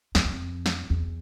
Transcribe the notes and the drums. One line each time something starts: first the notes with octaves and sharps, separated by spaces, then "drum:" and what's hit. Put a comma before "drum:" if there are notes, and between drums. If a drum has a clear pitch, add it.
E2, drum: snare
F2
drum: snare
E2